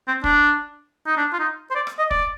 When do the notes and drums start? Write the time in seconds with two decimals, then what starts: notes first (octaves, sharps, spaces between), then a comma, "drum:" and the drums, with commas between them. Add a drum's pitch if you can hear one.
0.08 C4
0.24 D4, drum: kick
1.07 D#4
1.17 D4
1.33 F4
1.40 D#4
1.71 C5
1.76 D5
1.87 drum: rim click
1.99 D#5
2.11 D5, drum: kick